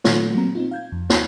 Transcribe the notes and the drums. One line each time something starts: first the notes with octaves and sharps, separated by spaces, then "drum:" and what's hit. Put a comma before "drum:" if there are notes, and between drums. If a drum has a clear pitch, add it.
A#2 D#3 F#3 A3 F4 A4, drum: snare
F#3 A#3 C4 A#5
C4 D#4 F4
F5 G6 G#6
F2
D#2, drum: snare